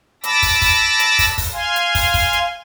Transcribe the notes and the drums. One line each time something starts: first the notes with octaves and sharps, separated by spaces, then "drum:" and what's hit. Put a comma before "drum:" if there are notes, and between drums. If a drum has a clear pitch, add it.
A5 B5 D6 E6 A#6, drum: hi-hat
drum: kick, open hi-hat
drum: kick, open hi-hat
drum: hi-hat
drum: kick, open hi-hat
drum: kick, open hi-hat
F5 G#5 C6
drum: hi-hat
drum: kick, open hi-hat
drum: kick, open hi-hat
drum: hi-hat